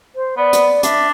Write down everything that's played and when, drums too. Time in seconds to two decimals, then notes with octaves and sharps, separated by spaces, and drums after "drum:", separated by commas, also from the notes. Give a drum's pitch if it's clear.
0.15 C5
0.37 B3 D5
0.53 drum: hi-hat
0.83 D4 E5, drum: hi-hat